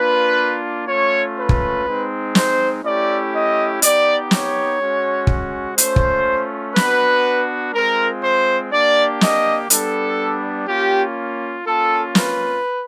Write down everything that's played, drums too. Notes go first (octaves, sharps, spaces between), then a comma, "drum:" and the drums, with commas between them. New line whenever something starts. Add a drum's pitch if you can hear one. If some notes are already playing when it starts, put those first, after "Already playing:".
Already playing: A#3 D4 F4 B4
A3 C#4 F4 C#5
B4
drum: kick
G#3 C4 D#4
C5, drum: snare
A3 C#4 E4 G4 D5
D#5
B3 D#4 G4 D5, drum: hi-hat
C#5, drum: snare
G#3 C#4 F#4
drum: kick
A3 C#4 F4 C5, drum: hi-hat
drum: kick
B3 D4 F#4 B4, drum: snare
G#3 C4 F4 A#4
C5
A#3 D4 G4 D5
D#5, drum: snare
G3 B3 D4 A4, drum: hi-hat
A#3 C#4 F4 G4
A#3 C#4 F4 A4
B4, drum: snare